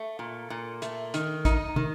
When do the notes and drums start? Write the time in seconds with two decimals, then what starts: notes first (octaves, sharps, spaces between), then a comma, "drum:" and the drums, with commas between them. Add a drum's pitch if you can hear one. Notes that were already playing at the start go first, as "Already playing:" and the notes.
Already playing: A3
0.19 A#2
0.50 A#2
0.82 A3, drum: hi-hat
1.14 D#3, drum: hi-hat
1.45 D#4, drum: kick, hi-hat
1.76 D#3, drum: tom